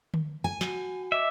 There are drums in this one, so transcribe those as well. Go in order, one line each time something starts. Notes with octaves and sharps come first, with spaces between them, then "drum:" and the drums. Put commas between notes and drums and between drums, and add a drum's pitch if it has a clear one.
drum: tom D3
G#5
F#4, drum: snare
D#5 E5 D6